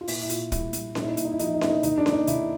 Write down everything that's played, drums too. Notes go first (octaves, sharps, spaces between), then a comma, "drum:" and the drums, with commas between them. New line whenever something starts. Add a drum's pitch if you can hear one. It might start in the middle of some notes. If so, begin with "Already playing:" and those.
F4
A#2 E4, drum: open hi-hat
E4
A#2 F4, drum: hi-hat
G3 E4, drum: kick, hi-hat
G3, drum: hi-hat
A#2 D#4, drum: snare C#4
E4
D#4
A#2 E4, drum: hi-hat
D#4
E4
F3 D#4, drum: hi-hat
E4
D#4
A#3 E4, drum: snare C#4
D#4
D#2 D#4, drum: hi-hat
D4
A#3, drum: snare C#4
D#4
D#2 E4, drum: hi-hat